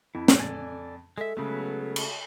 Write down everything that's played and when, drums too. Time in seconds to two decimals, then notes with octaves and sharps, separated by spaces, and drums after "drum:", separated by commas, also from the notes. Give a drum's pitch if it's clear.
0.15 F2 E4
0.28 drum: snare
0.39 A4 D5 G#5
1.18 G#3 A4 E5
1.37 C#3 F#3 G#3 A3 B3 B4
1.96 drum: cymbal